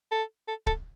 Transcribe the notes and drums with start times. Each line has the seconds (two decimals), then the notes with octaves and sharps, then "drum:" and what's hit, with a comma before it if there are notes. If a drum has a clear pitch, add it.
0.11 A4
0.48 A4
0.67 A4, drum: kick D1